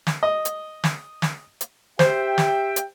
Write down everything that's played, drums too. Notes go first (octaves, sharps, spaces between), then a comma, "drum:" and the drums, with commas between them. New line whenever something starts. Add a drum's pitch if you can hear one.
drum: snare
D#5
drum: hi-hat
drum: snare
drum: snare
drum: hi-hat
G4 C5 E5 G5, drum: snare
drum: snare
drum: hi-hat